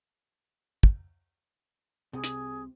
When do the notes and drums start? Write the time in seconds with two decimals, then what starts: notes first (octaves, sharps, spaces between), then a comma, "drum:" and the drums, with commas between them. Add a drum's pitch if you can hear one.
0.83 drum: kick
2.13 C2 C3 G#4
2.24 drum: hi-hat